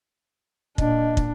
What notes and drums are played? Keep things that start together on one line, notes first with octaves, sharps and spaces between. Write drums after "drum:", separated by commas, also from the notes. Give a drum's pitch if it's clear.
A#2 D4 D#5, drum: kick
drum: kick